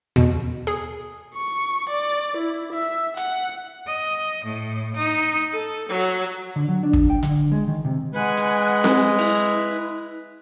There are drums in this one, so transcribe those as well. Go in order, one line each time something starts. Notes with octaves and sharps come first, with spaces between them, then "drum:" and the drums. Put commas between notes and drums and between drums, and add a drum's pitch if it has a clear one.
B2, drum: tom D#2
G#4
C#6
D5
E4
E5
F#5, drum: hi-hat
D#5
A2
D#4
A4
F#3
D3
F#3
D4
drum: kick
G5
D3, drum: hi-hat
G#3
D#3
C3
G#3 B4 F#5 G#5
drum: hi-hat
drum: snare C4
E4, drum: open hi-hat